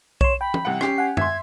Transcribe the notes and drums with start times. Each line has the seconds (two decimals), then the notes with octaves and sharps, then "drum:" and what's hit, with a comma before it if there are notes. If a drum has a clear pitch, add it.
0.21 C#5 C6 E7, drum: kick B1
0.41 G5 B5
0.54 drum: tom
0.65 C2 F#5
0.81 C#4 G4 C7, drum: rim click
0.98 F#5 G#5
1.17 E5 C6 G#6, drum: tom F#2